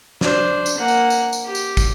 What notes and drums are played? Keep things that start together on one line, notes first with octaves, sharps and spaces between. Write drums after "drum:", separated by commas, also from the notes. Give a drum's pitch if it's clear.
D4 C5, drum: snare
drum: tambourine
A#3 F#5
drum: tambourine
drum: tambourine
drum: tambourine
G4
drum: tambourine
drum: kick, tambourine